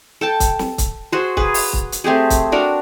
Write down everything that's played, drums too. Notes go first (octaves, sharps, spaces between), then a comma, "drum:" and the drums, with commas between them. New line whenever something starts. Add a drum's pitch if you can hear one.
A4 G5 A5
drum: kick, hi-hat
drum: snare
drum: kick, hi-hat
F#4 G#4 C5
G#4 B4, drum: kick
drum: open hi-hat
drum: kick
drum: hi-hat
A3 C4 G4 G#4
drum: kick, hi-hat
D4 F#4 A#4